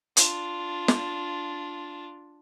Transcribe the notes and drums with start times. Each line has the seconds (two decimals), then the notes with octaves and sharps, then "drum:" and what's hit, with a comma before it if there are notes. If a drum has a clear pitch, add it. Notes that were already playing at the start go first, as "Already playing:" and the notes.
0.17 D4 F4, drum: hi-hat
0.88 drum: snare